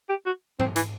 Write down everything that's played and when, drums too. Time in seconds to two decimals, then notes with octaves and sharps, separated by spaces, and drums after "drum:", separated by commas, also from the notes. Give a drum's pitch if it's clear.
0.09 G4
0.26 F#4
0.60 C4, drum: tom G#2
0.76 E3, drum: hi-hat